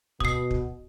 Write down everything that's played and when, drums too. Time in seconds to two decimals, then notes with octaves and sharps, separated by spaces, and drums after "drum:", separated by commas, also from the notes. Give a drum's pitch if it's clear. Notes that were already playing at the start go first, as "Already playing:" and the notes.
0.20 B2 D#6 C7, drum: kick
0.51 drum: kick